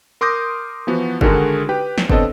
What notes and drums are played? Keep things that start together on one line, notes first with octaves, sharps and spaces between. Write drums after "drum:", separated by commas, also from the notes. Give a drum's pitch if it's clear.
A#4 C6 D6 D#6 G6 A#6
E3 F3 B3 F#4
D3 D#3 G#3 F#4 G#4 A#4, drum: kick F#1
G4 B4 G5
drum: snare
B3 C4 D4 A4 C#5 D#5, drum: kick F#1